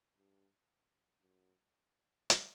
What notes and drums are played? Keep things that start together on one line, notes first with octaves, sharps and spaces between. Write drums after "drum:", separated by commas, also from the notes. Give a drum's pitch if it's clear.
G2
F#2
drum: hi-hat